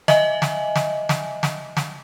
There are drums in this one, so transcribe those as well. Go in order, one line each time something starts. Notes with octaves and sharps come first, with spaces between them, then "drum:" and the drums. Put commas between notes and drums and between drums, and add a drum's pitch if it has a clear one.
D#5 E5 G#5, drum: snare
drum: snare
drum: snare
drum: snare
drum: snare
drum: snare